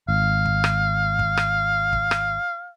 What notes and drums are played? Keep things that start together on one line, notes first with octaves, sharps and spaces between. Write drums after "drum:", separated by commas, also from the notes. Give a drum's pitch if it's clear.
G#1 F5
drum: kick
drum: rim click
drum: kick
drum: rim click
drum: kick
drum: rim click